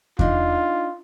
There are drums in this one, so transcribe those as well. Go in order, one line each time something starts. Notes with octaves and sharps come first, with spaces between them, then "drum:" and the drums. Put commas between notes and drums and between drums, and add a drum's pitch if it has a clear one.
D4 D#4 F4, drum: kick E2